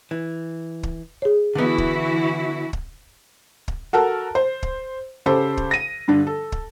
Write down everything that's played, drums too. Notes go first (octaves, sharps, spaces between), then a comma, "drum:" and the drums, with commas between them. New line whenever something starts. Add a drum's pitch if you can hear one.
E3
drum: kick
G#4 C#5
D3 E3 B3 E4 F#4
drum: kick
drum: kick
drum: kick
F#4 A4 A#4 A5
C5
drum: kick
C#3 G4 A4 C5
drum: kick
A#6 D#7
G2 D3 D4
A4
drum: kick